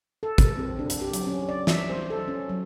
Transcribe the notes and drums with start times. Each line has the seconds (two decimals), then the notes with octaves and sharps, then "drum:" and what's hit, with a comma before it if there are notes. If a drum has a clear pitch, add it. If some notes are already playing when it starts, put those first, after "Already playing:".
0.23 A4
0.38 drum: kick, hi-hat
0.57 C4
0.79 D4
0.90 drum: hi-hat
1.01 G4
1.14 F#3, drum: hi-hat
1.27 C#4
1.49 D5
1.67 E5, drum: snare
1.90 C5
2.10 A4
2.28 C#4
2.49 F#3